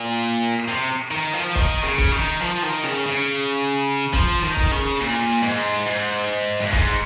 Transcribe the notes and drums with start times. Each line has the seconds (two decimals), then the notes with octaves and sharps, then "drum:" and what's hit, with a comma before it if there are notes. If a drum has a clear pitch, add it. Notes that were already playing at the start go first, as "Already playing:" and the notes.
Already playing: A#2
0.68 C3
1.11 D#3
1.33 F3
1.55 D#3, drum: kick C#1
1.84 C#3
1.98 drum: kick C#1
2.12 D#3
2.42 F3
2.63 D#3
2.85 C#3
3.06 C#3
4.13 F3, drum: kick C#1
4.43 D#3
4.57 drum: kick C#1
4.71 C#3
5.00 A#2
5.43 G#2
5.87 G#2
6.62 G2
6.72 G#2, drum: kick C#1